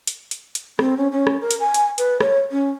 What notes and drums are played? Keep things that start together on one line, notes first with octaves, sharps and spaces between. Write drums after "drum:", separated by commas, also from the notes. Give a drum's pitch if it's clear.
drum: hi-hat
drum: hi-hat
drum: hi-hat
C4, drum: rim click
C#4
C#4
drum: rim click
A#4
drum: hi-hat
G#5
drum: hi-hat
B4, drum: hi-hat
C#5, drum: rim click
C#4